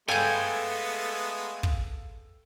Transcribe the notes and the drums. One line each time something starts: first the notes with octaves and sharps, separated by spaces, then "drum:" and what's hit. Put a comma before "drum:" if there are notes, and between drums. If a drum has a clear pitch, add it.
G#3 A3 B3 A4 F5 G5 G#5 G6
drum: kick